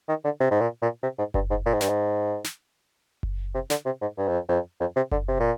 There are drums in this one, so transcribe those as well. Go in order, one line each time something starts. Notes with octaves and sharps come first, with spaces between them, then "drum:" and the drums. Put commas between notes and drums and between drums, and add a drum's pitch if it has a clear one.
D#3
D3
C3
G#2
A#2
A#2
C3
G#2
G2, drum: kick F#1
G#2
A#2
G#2
G2, drum: snare
G#2
drum: snare
drum: kick F#1
C3
D3, drum: snare
C3
G#2
G2
F2
F2
F2
C3
D3, drum: kick F#1
C3
A#2